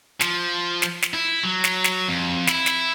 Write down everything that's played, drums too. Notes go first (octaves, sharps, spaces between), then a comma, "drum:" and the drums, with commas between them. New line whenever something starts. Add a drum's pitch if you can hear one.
F3, drum: snare
drum: snare
drum: snare
E4
F#3
drum: snare
drum: snare
F2
E4, drum: snare
drum: snare